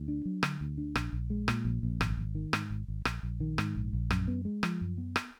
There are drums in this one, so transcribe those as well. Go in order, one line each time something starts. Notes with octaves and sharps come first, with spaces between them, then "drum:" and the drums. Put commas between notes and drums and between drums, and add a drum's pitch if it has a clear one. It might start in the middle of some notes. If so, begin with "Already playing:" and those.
Already playing: D2
D4
F#3
D3, drum: rim click
D2
D4
A#1, drum: rim click
A#1
G#3
A#2, drum: rim click
A#1
A#1
G#1, drum: rim click
G#1
D#3
G#2, drum: rim click
G#1
G#1
A#1, drum: rim click
A#1
D#3
G#2, drum: rim click
A#1
A#1
F#2, drum: rim click
B3
G#3
F3, drum: rim click
F#2
B3
drum: rim click